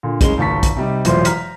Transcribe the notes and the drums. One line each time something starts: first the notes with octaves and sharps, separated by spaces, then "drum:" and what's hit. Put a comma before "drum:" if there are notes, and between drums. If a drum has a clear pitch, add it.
A#2 D3
F#1 G#3 C#4 G7, drum: kick, hi-hat
G#1 C#2 A5 C#6 B6
drum: kick, hi-hat
C3 G3 D#4
E1 F#2 A2 E3 F4 C5, drum: hi-hat
A#5 F6 B6, drum: hi-hat